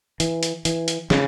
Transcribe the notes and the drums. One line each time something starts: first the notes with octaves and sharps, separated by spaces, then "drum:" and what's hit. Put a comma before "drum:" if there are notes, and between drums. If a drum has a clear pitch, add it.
E3, drum: hi-hat
drum: hi-hat
E3, drum: hi-hat
drum: hi-hat
C#3, drum: snare